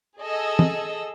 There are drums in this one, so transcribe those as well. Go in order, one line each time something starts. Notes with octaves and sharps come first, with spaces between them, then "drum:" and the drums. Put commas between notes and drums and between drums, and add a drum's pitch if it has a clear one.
G#4 A4 D#5 E6
drum: tom